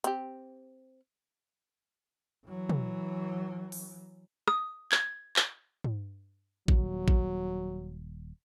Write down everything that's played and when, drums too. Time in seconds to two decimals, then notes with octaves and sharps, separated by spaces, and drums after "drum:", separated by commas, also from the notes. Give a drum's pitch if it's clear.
0.04 C4 G4, drum: hi-hat
2.47 E3 F#3
2.69 drum: tom
3.72 drum: open hi-hat
4.48 D#6, drum: rim click
4.92 G#6, drum: clap
5.36 drum: clap
5.84 drum: tom
6.68 D#1 F#3, drum: kick A1
7.08 drum: kick A1